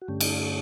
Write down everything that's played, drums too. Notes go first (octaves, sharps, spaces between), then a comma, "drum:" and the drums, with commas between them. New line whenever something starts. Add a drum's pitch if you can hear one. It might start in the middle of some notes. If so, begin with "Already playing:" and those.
F#4
G2 D3 A3 C#4 G4
drum: cymbal